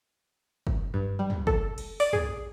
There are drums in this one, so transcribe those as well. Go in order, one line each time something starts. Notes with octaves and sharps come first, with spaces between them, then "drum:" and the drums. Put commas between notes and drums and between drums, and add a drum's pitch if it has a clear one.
drum: kick
G2
G3
drum: tom
A4, drum: kick
drum: cymbal
D5, drum: open hi-hat
G#4, drum: tom